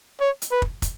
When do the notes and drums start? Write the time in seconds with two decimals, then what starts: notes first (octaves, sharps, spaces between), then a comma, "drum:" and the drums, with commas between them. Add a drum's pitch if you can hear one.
0.21 C#5
0.42 drum: hi-hat
0.52 B4
0.62 drum: kick
0.82 drum: kick, hi-hat